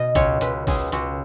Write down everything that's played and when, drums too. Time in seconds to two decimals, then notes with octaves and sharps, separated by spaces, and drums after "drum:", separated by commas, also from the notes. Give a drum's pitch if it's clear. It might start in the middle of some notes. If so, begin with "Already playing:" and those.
Already playing: B2 D#5
0.15 C#2 C#5, drum: kick, hi-hat
0.41 C#2 B4, drum: hi-hat
0.67 C#2 G#4, drum: kick, open hi-hat
0.92 C#2 F#4, drum: hi-hat